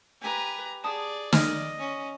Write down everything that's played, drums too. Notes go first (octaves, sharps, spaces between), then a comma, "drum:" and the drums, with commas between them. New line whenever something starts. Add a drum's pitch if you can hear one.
G4 B4 G#5 A#5
G#4 D5 A5 D#6
D#5 F6, drum: snare
C#4